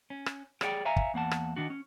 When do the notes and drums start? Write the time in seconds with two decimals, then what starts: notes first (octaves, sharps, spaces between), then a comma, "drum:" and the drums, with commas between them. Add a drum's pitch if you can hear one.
0.10 C#4
0.26 drum: rim click
0.61 G4 G#4 C#5 D5 F#5 G5, drum: rim click
0.85 C#5 E5 F5 G#5 A#5
0.96 drum: kick
1.14 E2 A#3 F#5 A5
1.31 drum: rim click
1.56 D#3 D4 F#4
1.70 C#4